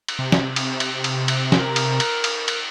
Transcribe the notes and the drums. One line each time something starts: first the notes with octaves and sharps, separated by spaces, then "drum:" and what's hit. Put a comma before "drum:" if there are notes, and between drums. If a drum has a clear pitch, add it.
drum: cymbal
C3
drum: snare
drum: cymbal
drum: cymbal
drum: cymbal
drum: cymbal
A#4, drum: snare
drum: cymbal
drum: cymbal
drum: cymbal
drum: cymbal